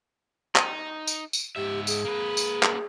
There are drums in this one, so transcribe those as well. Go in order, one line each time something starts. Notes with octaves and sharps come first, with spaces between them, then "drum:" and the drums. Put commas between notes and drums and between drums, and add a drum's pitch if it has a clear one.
D#4, drum: clap
drum: tambourine
drum: tambourine
G#2 G4 E5
G#4, drum: tambourine
A#3 B4
drum: tambourine
drum: clap